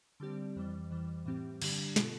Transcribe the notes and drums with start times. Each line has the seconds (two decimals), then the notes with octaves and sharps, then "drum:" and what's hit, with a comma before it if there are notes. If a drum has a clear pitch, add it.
0.20 D3 G3 C4 G4 D5
0.56 F2 E3 G3
0.91 F2 E3 G3
1.26 A2 E3 G3 C4 G4
1.62 G2 D3 G3 D4 G4, drum: cymbal
1.96 B2 B3 F4 A4, drum: snare